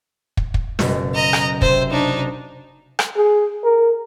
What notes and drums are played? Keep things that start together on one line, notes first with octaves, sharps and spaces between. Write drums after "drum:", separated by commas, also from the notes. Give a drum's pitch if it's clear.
drum: kick
drum: kick
F#1 B2, drum: snare
D#5 A#5
drum: rim click
C3 C5, drum: kick
D4 D#4
drum: rim click
G#4
A#4